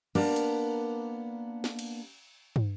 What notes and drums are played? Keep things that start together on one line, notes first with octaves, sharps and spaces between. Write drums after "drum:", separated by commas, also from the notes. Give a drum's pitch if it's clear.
A#3 B3 D4 G4 A#4, drum: cymbal
drum: hi-hat
drum: snare
drum: cymbal
drum: tom